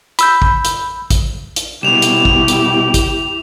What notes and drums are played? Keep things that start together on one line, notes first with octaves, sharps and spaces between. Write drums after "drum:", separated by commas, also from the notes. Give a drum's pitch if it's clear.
B5 E6 G6, drum: hi-hat
drum: kick
drum: hi-hat
drum: kick, hi-hat
drum: hi-hat
C2 B2 E4 G4 E7 F7
drum: hi-hat
drum: kick
drum: hi-hat
drum: kick, hi-hat